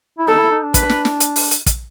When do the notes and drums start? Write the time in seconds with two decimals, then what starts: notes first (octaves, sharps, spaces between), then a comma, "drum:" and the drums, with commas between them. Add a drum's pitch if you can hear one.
0.18 E4
0.28 D#4 A4
0.39 E4
0.51 D#4
0.62 D4
0.74 B4, drum: kick, hi-hat
0.89 drum: snare
1.05 drum: snare
1.20 drum: hi-hat
1.36 drum: open hi-hat
1.51 drum: hi-hat
1.66 drum: kick, hi-hat